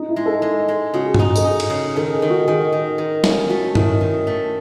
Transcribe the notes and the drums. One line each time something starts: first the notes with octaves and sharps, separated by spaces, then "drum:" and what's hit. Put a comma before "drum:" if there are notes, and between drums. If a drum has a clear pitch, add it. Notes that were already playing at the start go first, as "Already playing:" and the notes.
Already playing: D#4
E4
G#3
A4
G#3
G#3
C#3 F#4
G#4
D#4 F#4, drum: tom G2
A4, drum: tambourine
D#4 G#4
drum: cymbal
C#3
D#3 A4
G#4
D#3
F#4
D#3 G#4
D#3
D#3
C#4, drum: snare
A3 F#4
D#3 E4, drum: tom G2
D#3
A3